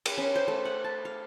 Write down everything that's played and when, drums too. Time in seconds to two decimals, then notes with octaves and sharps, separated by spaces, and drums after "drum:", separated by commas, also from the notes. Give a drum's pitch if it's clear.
0.06 D#5, drum: cymbal
0.18 C#4
0.36 C5
0.48 A3
0.65 F#5
0.84 A5
1.05 F5